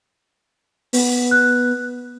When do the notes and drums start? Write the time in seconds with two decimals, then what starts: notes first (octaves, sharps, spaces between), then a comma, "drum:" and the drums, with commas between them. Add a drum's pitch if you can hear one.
0.93 B3, drum: open hi-hat
1.31 F#6